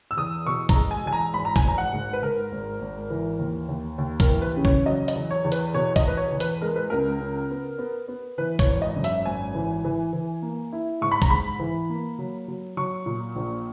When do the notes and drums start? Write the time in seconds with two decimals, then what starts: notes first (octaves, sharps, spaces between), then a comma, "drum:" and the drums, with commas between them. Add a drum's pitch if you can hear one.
0.11 E6
0.17 E2 D#6
0.46 B2 C#6
0.69 A#5, drum: kick, hi-hat
0.76 G#3
0.91 G#5
1.06 E2 G#5
1.13 A#5
1.34 G#1 B5
1.45 A#5
1.56 G#5, drum: kick, hi-hat
1.64 G#1 A#5
1.78 F#5
1.93 G#2
2.13 B4
2.23 G#2 A#4
2.52 G#1
2.81 G#1
3.10 E3
3.39 D#2
3.68 D#2
3.98 D#2
4.20 A#4, drum: kick, hi-hat
4.28 E3
4.42 B4
4.57 C#3
4.65 C#5, drum: kick
4.86 F#3 D#5
5.08 D#5, drum: hi-hat
5.15 E2
5.31 C#5
5.44 E2
5.52 B4, drum: hi-hat
5.74 B2 C#5
5.96 D#5, drum: kick, hi-hat
6.03 E2
6.08 B4
6.17 C#5
6.32 E2
6.40 B4, drum: hi-hat
6.61 G#3 A#4
6.76 B4
6.90 C#2 A#4
7.21 C#3
7.50 B3
7.79 B3
8.08 B3
8.38 E3 B4
8.59 C#5, drum: kick, hi-hat
8.68 G#1
8.82 D#5
8.96 F#2
9.04 E5, drum: hi-hat
9.26 G#1 G#5
9.54 E3
9.85 E3
10.13 E3
10.42 A#3
10.73 E4
11.01 G#2 C#6
11.12 B5
11.22 A#5, drum: kick, hi-hat
11.30 G#2 B5
11.59 E3
11.90 A#3
12.19 F#3
12.48 F#3
12.77 F#3 C#6
13.06 A#2
13.35 A#1